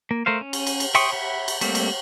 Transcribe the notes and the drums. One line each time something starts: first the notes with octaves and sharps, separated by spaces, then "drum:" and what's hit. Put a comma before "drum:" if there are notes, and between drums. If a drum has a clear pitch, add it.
A#3
A3 A#4 C5 F5
C#4
drum: cymbal
drum: cymbal
drum: cymbal
E5 G5 C6 C#6 D#6, drum: cymbal
E5 F#5 B5
drum: cymbal
G3 A3 A#3 C4, drum: cymbal
drum: cymbal